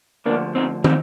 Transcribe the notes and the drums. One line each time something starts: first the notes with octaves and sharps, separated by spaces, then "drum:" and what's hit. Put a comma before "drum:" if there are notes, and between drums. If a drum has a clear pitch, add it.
D2 D3 F3 A#3 D4
C4 D#4
C4 D#4, drum: tom